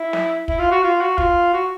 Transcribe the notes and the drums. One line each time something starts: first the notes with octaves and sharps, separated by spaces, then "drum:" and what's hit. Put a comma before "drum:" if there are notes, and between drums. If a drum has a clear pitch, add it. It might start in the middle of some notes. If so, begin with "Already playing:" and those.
Already playing: E4
drum: snare
E4, drum: kick
F4
F#4
F4
F#4
F4, drum: kick
F#4